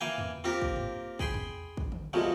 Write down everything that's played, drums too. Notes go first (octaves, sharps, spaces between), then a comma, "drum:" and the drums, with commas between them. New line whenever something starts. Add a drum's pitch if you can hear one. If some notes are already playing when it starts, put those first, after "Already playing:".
E3 A#3 F5 G5 G#5
drum: tom E2
A#3 C4 F4 G4 A#4
drum: kick
drum: tom G2
G#4 G5 B5 C6, drum: kick
drum: tom E2
drum: kick
drum: tom D3
C2 F2 B2 F3 F#3 G#3